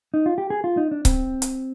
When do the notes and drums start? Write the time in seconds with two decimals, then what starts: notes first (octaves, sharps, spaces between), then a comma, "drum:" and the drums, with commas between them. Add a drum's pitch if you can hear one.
0.14 D#4
0.26 F4
0.38 G4
0.50 G#4
0.64 F4
0.77 D#4
0.91 D4
1.05 C4, drum: kick C#1, hi-hat
1.42 drum: hi-hat